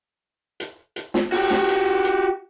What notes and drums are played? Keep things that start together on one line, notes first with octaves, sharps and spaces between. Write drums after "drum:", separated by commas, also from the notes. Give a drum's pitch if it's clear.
drum: hi-hat
drum: hi-hat
drum: snare
F#4 G4, drum: open hi-hat
drum: snare
drum: hi-hat
drum: hi-hat